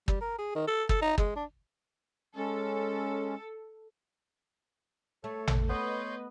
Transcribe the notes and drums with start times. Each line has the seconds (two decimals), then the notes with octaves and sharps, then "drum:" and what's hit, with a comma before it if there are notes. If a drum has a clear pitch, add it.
0.08 G3, drum: kick
0.21 A#4
0.38 G#4
0.55 D#3
0.67 A4
0.89 A4, drum: kick
1.01 D#4
1.18 G#3, drum: kick
1.36 D4
2.36 G#3 C#4 A4
5.24 A3 A4 C#5
5.47 drum: tom A1
5.69 B3 B4 C#5 D#5 C6 G6